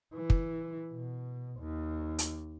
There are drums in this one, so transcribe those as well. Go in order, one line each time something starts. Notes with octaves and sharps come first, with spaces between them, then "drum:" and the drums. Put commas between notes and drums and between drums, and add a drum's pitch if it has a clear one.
E3
drum: kick
B2
D#2
drum: hi-hat